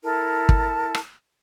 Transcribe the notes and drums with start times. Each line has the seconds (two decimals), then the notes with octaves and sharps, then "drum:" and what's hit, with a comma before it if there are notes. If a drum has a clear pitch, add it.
0.03 E4 A4 A#4 A5
0.49 drum: kick
0.95 drum: rim click